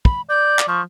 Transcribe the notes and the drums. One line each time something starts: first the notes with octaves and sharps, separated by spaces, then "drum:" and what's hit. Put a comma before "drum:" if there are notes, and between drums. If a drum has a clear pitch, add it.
B5, drum: kick
D5 G6
drum: clap
F3 C#6